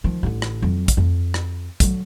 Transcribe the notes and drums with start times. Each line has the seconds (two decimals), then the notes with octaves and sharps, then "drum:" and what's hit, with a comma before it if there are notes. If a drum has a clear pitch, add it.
0.04 D#3 F3
0.23 A1 D3
0.42 drum: rim click
0.62 F2 F#3
0.88 drum: kick, hi-hat
0.97 F2
1.34 drum: rim click
1.80 D3 F#3, drum: kick, hi-hat